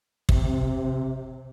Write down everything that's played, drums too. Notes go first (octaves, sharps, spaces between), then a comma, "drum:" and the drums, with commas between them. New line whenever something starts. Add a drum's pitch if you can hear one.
C3, drum: kick